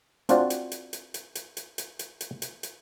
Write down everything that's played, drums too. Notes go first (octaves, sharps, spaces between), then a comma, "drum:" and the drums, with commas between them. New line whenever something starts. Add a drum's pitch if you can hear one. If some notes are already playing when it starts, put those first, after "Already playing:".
C4 D4 F4 F#4 C5 D5, drum: hi-hat
drum: hi-hat
drum: hi-hat
drum: hi-hat
drum: hi-hat
drum: hi-hat
drum: hi-hat
drum: hi-hat
drum: hi-hat
drum: hi-hat
drum: hi-hat
drum: hi-hat